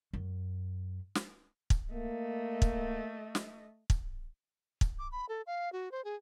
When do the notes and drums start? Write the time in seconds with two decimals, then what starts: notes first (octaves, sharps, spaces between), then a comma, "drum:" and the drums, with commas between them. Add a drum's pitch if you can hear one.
0.13 F#2
1.15 drum: snare
1.70 drum: kick
1.93 A3 A#3 D#5
2.62 drum: kick
3.35 drum: snare
3.90 drum: kick
4.81 drum: kick
4.99 D6
5.12 B5
5.29 A4
5.47 F5
5.72 F#4
5.92 C5
6.04 G#4